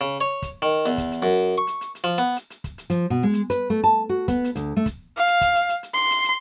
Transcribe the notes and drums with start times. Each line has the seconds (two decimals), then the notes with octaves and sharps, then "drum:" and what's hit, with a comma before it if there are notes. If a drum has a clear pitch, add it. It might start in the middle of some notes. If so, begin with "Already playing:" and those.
0.01 C#3
0.21 C#5
0.42 drum: kick, hi-hat
0.62 D#3
0.86 E2, drum: hi-hat
0.98 drum: kick, hi-hat
1.12 drum: hi-hat
1.22 F#2
1.58 C#6
1.67 drum: hi-hat
1.81 drum: hi-hat
1.95 drum: hi-hat
2.04 F3
2.18 B3
2.36 drum: hi-hat
2.50 drum: hi-hat
2.64 drum: kick, hi-hat
2.78 drum: hi-hat
2.90 F3, drum: hi-hat
3.10 B2
3.23 G#3
3.33 drum: hi-hat
3.50 B4, drum: hi-hat
3.70 A3
3.84 A5
4.09 F#4
4.28 B3, drum: kick, hi-hat
4.44 drum: hi-hat
4.55 D2, drum: hi-hat
4.76 A3
4.86 drum: kick, hi-hat
5.17 F5
5.27 drum: hi-hat
5.41 drum: kick, hi-hat
5.55 drum: hi-hat
5.69 drum: hi-hat
5.83 drum: hi-hat
5.94 C6
6.11 drum: hi-hat
6.24 drum: hi-hat